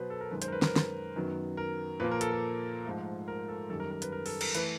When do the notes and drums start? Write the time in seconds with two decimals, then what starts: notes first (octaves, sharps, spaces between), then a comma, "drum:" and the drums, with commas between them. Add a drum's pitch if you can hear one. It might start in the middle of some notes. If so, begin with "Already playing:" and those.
Already playing: B2 F#3 B3 B4 C5
0.10 A4
0.21 A#4
0.31 F#2 D#3 G#3 B4
0.42 C5, drum: hi-hat
0.48 A#4
0.52 B4
0.62 A#4, drum: snare
0.76 drum: snare
1.16 F#2 D#3 F#3 B3
1.57 A#4
2.00 A#2 F3 A#3 B4
2.11 A#4
2.21 A4, drum: hi-hat
2.32 A4
2.86 G#2 F3 A3
3.28 A#4
3.48 A4
3.69 F#2 D#3 G3 A4
3.80 A#4
3.91 A#4
4.02 B4, drum: hi-hat
4.12 A#4
4.26 A4, drum: open hi-hat
4.41 A#4, drum: cymbal
4.55 E3 A3 B4, drum: hi-hat